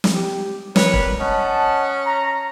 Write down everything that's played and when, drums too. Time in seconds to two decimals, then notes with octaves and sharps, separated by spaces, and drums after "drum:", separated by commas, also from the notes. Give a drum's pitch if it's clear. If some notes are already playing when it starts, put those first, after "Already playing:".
0.04 drum: snare
0.13 G4
0.76 G3 A#4 B4 C#5, drum: snare
0.94 drum: kick
1.20 C#4 D#5 F#5 A5
2.06 A#5